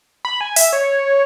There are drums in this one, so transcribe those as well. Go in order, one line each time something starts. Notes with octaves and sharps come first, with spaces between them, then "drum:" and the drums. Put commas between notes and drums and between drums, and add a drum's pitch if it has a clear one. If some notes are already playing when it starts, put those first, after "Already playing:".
B5
G#5
E5, drum: open hi-hat
C#5